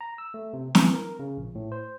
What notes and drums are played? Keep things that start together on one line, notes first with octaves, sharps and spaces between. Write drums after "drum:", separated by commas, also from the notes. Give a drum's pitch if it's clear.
A#5
E6
A3
C3
E3, drum: snare
A#4
C#3
A#1
A2
C5